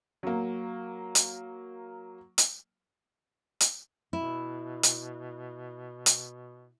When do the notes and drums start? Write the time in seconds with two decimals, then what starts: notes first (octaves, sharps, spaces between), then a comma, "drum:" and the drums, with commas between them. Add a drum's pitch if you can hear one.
0.23 F#3 A#3
1.15 drum: hi-hat
2.38 drum: hi-hat
3.61 drum: hi-hat
4.13 B2 E4
4.83 drum: hi-hat
6.06 drum: hi-hat